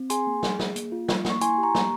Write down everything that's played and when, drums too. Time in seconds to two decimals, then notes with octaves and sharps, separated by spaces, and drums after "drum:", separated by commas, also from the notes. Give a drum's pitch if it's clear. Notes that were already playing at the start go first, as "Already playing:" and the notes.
Already playing: C4
0.10 G#4 G#5 C6, drum: hi-hat
0.27 A#3
0.43 G#4, drum: snare
0.59 G#4, drum: snare
0.76 A#3, drum: hi-hat
0.92 F4
1.09 A#3, drum: snare
1.25 A#3, drum: snare
1.30 C#6
1.41 E4 G#5 C6, drum: hi-hat
1.58 G4
1.63 A#5 C#6
1.75 A#3, drum: snare